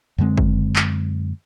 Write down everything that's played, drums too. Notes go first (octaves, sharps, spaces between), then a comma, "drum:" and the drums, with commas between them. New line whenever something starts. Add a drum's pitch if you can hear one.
F#2 D3 G#3 C4
drum: kick
drum: clap